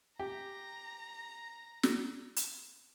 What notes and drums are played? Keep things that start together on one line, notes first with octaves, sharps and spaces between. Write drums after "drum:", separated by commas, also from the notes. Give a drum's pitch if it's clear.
G4 A#5
drum: snare
drum: hi-hat